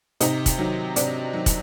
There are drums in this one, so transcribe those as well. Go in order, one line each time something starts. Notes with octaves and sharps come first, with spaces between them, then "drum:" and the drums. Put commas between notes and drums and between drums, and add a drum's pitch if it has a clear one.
C3 D#4 D#5, drum: hi-hat
drum: kick, hi-hat
D#3 F#3
C3 D4 D5, drum: hi-hat
D#3 F#3
drum: kick, hi-hat